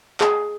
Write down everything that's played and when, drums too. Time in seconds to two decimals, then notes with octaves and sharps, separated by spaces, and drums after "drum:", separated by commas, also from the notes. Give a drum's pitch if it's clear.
0.21 G#4, drum: clap